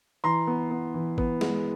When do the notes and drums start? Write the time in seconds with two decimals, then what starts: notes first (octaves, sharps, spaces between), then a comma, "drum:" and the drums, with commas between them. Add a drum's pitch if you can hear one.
0.24 E3 A#5 C6
0.47 B3
0.71 B3
0.94 E3
1.18 B3, drum: kick G#1
1.41 G#3, drum: snare